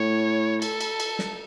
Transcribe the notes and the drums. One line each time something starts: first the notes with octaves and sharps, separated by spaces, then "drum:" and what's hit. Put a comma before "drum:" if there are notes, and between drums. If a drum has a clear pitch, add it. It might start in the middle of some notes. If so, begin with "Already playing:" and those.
Already playing: A2 C#5
A4, drum: cymbal
drum: cymbal
drum: cymbal
drum: snare